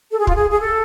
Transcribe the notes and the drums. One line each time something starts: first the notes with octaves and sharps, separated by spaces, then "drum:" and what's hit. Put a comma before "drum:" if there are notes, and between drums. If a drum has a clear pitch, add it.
A4
G#4
F4, drum: kick
G#4
G#4
A4